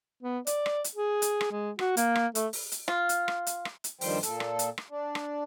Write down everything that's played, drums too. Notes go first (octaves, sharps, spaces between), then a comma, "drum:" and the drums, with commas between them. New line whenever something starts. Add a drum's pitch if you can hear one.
B3
D5, drum: hi-hat
drum: rim click
drum: hi-hat
G#4
drum: hi-hat
drum: rim click
G#3
F#4, drum: rim click
A#3, drum: hi-hat
drum: rim click
A3, drum: hi-hat
drum: open hi-hat
drum: hi-hat
F4, drum: rim click
drum: hi-hat
drum: rim click
drum: hi-hat
drum: rim click
drum: hi-hat
G2 D#3 F3 G3 C5 G5, drum: open hi-hat
A#2 A4, drum: hi-hat
drum: rim click
drum: hi-hat
drum: rim click
D4
drum: rim click